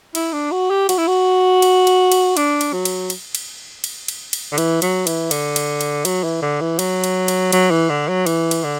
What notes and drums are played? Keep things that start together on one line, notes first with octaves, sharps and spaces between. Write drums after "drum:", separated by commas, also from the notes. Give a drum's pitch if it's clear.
E4, drum: cymbal
D4
F#4
G4
F#4, drum: cymbal
E4
F#4
drum: cymbal
drum: cymbal
drum: cymbal
D4, drum: cymbal
drum: cymbal
F#3
drum: cymbal
drum: cymbal
drum: cymbal
drum: cymbal
drum: cymbal
drum: cymbal
D3
E3, drum: cymbal
F#3, drum: cymbal
E3, drum: cymbal
D3, drum: cymbal
drum: cymbal
drum: cymbal
F#3, drum: cymbal
E3
D3
E3
F#3, drum: cymbal
drum: cymbal
drum: cymbal
F#3, drum: cymbal
E3
D3
F#3
E3, drum: cymbal
drum: cymbal
D3